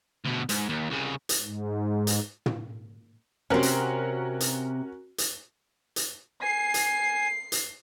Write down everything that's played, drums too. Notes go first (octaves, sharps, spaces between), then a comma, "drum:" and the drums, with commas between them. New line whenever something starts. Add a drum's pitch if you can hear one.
D2 B2
G#2, drum: hi-hat
D#2
C2 C#3
drum: hi-hat
G#2
drum: hi-hat
drum: tom
C3 C4 C#4 F#4 A#4
drum: hi-hat
drum: hi-hat
drum: hi-hat
drum: hi-hat
G#5 C7
drum: hi-hat
drum: hi-hat